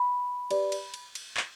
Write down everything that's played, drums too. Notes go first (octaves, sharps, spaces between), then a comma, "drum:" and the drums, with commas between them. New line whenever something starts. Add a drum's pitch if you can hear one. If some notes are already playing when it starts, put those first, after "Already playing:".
Already playing: B5
G4 B4 D5, drum: cymbal
drum: cymbal
drum: cymbal
drum: cymbal
drum: clap